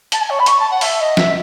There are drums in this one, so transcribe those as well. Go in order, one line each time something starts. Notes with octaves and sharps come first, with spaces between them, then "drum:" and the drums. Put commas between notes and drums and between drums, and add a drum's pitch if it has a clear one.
A5, drum: hi-hat
G#5
C#5
B5
C#6, drum: hi-hat
A5
F#5
E5, drum: open hi-hat
D#5
E5, drum: snare